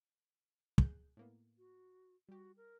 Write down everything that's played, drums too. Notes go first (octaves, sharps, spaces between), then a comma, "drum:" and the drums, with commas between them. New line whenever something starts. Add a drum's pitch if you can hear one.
G#4 F#6 G6, drum: kick
A2 A#3 B3
F#4
G3 F#4 G4
A#4